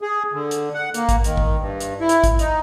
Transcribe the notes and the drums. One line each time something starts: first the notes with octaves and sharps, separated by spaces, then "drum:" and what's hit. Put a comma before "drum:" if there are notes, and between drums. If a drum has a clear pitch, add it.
G#4
D3
drum: hi-hat
F#5
A#3, drum: hi-hat
drum: kick G#1, hi-hat
D#3, drum: hi-hat
drum: kick G#1
G2
drum: hi-hat
E4
drum: hi-hat
drum: kick G#1, hi-hat
D#4, drum: hi-hat